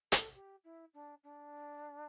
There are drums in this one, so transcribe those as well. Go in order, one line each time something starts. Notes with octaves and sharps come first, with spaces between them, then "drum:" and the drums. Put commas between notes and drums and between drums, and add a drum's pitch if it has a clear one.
A4, drum: hi-hat
G4
E4
D4
D4